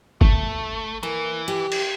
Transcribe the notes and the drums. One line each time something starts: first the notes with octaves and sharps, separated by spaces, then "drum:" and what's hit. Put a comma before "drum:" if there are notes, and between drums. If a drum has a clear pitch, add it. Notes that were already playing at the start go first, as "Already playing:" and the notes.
A3, drum: kick
E3 A#3
G4
drum: cymbal